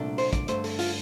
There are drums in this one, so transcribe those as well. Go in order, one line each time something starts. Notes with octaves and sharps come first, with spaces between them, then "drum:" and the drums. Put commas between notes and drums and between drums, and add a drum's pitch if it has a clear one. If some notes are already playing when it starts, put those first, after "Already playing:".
Already playing: C2 A#2 A3 D4
C5, drum: open hi-hat
D5, drum: kick, hi-hat
G2 D3 A3 C5, drum: hi-hat
A4, drum: open hi-hat
F4, drum: open hi-hat